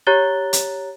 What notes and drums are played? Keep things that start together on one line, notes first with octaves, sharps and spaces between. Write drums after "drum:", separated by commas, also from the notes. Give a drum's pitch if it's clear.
G4 C#5 A#5 F#6 A6 G7
drum: hi-hat